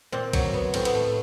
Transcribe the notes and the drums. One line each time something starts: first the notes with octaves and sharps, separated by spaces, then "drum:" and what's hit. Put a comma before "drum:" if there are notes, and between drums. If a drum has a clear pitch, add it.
A#2 C4
F#3, drum: kick, cymbal
B3
A2 C4, drum: cymbal
B3, drum: cymbal
A3